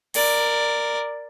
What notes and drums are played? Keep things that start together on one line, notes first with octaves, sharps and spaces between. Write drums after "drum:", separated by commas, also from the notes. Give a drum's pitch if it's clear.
A#4 D5, drum: open hi-hat